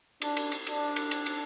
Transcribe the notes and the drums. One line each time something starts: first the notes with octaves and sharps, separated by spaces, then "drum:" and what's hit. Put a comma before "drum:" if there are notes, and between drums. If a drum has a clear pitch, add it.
D4, drum: cymbal
drum: cymbal
drum: cymbal
D4, drum: cymbal
drum: cymbal
drum: cymbal
drum: cymbal